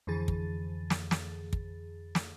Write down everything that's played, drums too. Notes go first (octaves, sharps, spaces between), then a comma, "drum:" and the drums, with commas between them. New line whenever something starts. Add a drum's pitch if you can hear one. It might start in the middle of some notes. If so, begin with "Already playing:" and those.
F2 D3 E3 G#4 A6
drum: kick
drum: snare
drum: snare
drum: kick
drum: snare